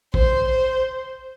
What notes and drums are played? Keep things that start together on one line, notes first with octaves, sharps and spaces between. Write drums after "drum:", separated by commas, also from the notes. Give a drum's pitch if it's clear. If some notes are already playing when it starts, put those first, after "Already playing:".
C5, drum: kick
C5